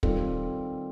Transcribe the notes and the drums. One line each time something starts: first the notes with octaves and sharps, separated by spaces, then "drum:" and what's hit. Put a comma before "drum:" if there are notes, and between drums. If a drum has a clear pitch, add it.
D#3 G3 C4 F4 A4, drum: kick